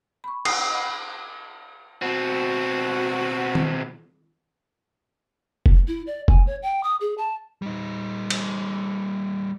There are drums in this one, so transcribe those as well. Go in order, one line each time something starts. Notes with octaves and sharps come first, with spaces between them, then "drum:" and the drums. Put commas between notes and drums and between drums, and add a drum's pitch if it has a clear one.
B5 C#6
D#6 C7, drum: cymbal
D#5 F#5 B5
B2 C4 F#4
drum: tom D#3
drum: kick F1
E4
D5
G#5, drum: kick F1
C#5
G5
D#6
G#4
A5
G3 D#4
drum: cymbal